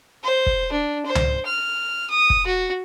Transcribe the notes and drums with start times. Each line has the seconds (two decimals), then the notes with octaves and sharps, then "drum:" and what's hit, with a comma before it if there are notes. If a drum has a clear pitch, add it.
0.24 C5
0.46 drum: kick
0.72 D4
1.06 C5
1.15 drum: tom C#2
1.46 F6
2.10 D#6
2.30 drum: kick
2.46 F#4